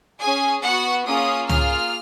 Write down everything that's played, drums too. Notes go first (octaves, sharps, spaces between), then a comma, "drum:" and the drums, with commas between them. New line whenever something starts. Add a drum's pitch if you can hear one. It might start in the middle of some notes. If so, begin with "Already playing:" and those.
C#4 G#4 G#5
B3 F#4 F#5
A#3 C#4 F4 G#4 D#6
A#3 F4 G#4 F6, drum: tom